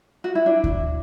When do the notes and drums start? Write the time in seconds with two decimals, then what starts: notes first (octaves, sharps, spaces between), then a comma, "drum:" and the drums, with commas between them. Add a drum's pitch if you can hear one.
0.24 F#4
0.35 E4
0.46 D4
0.64 drum: kick D2